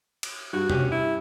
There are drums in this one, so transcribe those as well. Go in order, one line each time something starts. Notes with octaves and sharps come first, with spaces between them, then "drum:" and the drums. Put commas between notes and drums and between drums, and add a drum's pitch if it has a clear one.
drum: cymbal
G2 F#4
C#4 G4, drum: tom
E4